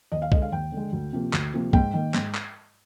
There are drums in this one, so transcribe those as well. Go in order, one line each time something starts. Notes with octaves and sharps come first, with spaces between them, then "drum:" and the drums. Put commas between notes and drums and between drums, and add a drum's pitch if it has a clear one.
D#2 D#5
F5
D3 G#3 D#5, drum: kick
F5
D#2 G5
D3
G#3
D2
C3 F3 A#3
D2, drum: clap
C3 F3 A#3
G#2 G5, drum: kick
D#3 A#3
G#2, drum: clap
drum: clap